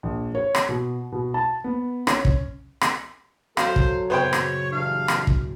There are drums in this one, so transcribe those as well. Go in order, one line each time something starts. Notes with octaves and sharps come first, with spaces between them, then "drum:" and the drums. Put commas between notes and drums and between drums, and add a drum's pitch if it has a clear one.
A#1
C#5
drum: rim click
B2
B2
A5
B3
C#4, drum: rim click
drum: kick
drum: rim click
F#3 F#4 A4 C5 F5, drum: rim click
drum: kick
F#2 A#2 C#3 B3 C5 C#5 G5
drum: rim click
F#1 G2 E3 D4 F5
drum: rim click
drum: kick